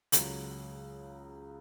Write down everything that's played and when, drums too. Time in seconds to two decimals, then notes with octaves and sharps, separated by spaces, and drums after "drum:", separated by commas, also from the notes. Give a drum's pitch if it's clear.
0.12 C#2 C#3 F#3, drum: hi-hat